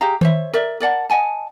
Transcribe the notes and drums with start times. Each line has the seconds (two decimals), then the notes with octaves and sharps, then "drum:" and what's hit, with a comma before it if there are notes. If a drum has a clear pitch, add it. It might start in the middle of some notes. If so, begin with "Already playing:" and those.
0.01 G4 G#4 F5 A#5
0.21 C5 C#5 E5, drum: tom D#3
0.54 A#4 D5 E5
0.80 A#4 D5 F#5 A5
1.10 D#5 F#5 G#5 A5